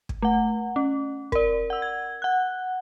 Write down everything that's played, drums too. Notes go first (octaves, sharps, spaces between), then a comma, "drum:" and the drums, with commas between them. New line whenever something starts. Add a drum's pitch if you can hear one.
drum: kick
A3 F#5
C#4
A#4 D5, drum: kick
F#5 E6
G#6
F#5 F#6